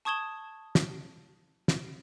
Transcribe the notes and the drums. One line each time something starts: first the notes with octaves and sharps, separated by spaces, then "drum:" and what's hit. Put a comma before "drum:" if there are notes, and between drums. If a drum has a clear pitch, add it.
A5 C#6 D#6 G#6 E7 G7
drum: snare
drum: snare